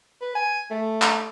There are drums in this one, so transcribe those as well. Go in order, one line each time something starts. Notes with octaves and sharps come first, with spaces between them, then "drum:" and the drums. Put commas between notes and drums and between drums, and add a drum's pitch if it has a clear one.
B4
G#5
A3
drum: clap